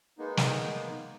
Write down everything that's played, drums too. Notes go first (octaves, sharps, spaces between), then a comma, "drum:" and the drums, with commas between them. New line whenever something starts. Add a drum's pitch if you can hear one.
G#3 A#3 B3 D#4
drum: snare